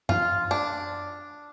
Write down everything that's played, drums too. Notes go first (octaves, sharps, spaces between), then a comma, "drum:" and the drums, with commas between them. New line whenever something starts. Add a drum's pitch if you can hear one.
F4, drum: tom F#2
D4